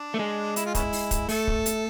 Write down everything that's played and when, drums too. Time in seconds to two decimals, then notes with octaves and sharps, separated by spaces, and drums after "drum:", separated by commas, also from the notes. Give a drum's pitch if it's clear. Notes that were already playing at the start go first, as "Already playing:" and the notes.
Already playing: D4
0.14 A3
0.19 G#3
0.56 E4, drum: hi-hat
0.66 F4
0.75 B3 C#4 E4, drum: kick, hi-hat
0.93 drum: open hi-hat
1.11 drum: kick, hi-hat
1.29 A3 A4, drum: open hi-hat
1.47 drum: kick
1.66 drum: hi-hat